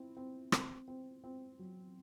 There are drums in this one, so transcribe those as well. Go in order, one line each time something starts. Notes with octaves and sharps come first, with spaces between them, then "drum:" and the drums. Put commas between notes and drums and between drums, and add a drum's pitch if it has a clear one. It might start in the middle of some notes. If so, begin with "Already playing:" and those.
Already playing: C4 E4
C4
C4, drum: rim click
C4
C4
F#3